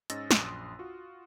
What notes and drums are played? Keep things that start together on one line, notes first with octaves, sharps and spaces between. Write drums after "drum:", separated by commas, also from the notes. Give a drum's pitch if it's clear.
G#2 C#4 D#5 E6 A6 A#6, drum: hi-hat
A#1 F#2 C6 D#6 F#6, drum: snare
F4 F#4